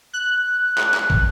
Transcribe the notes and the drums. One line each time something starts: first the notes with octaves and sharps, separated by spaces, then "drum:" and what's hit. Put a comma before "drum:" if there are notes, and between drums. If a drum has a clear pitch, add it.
F#6
drum: clap
drum: clap
drum: kick